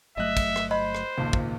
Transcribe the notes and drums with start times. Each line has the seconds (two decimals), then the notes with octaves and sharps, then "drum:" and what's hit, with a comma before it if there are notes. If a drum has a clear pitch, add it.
0.17 G1 F#3 A3 D#5 E5 F#6
0.37 drum: kick, cymbal
0.56 drum: rim click
0.71 C5 D#5 B5
0.95 drum: rim click
1.18 G#1 C#2 A#2
1.33 drum: kick